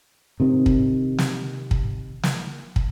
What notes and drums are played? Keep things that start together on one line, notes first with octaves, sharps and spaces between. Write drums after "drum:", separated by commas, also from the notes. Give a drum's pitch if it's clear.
C3 D#3 C4
drum: kick
drum: snare
drum: kick
drum: snare
drum: kick